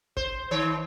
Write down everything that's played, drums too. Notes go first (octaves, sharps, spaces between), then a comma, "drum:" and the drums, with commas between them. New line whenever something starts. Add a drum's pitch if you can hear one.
C5, drum: kick
D#3 C#5